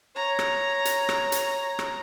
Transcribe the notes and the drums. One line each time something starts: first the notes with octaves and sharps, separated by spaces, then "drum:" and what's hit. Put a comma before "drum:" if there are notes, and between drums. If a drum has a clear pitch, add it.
C#5 A#5
drum: rim click
drum: hi-hat
drum: rim click
drum: hi-hat
drum: rim click